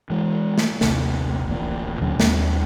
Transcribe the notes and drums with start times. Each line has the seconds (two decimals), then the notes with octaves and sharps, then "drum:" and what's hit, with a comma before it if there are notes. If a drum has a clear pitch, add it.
0.10 E3 G#3
0.58 drum: snare
0.81 A#1 D#2 C3, drum: snare
1.48 D1 A1 A#2 A#3
2.01 D2 B2 F#3 C#4
2.20 D#2 G3 B3 C#4, drum: snare